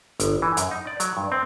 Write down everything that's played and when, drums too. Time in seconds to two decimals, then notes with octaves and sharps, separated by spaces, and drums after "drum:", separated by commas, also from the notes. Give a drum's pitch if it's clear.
0.20 G1, drum: hi-hat
0.42 E3
0.57 F#2, drum: hi-hat
0.71 D#4
0.87 D5
1.00 F#3, drum: hi-hat
1.17 G2
1.32 C4